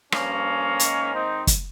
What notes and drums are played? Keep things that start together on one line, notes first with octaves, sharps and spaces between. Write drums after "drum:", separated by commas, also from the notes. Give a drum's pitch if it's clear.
G2 F3 A#3 C#4, drum: rim click
G#2 D#3, drum: hi-hat
C4 D#4
drum: kick, hi-hat